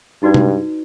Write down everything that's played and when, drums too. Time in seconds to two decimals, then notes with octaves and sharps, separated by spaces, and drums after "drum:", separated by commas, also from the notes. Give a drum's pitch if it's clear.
0.23 G2 D#4 F#4 B4 D5
0.34 drum: tom C3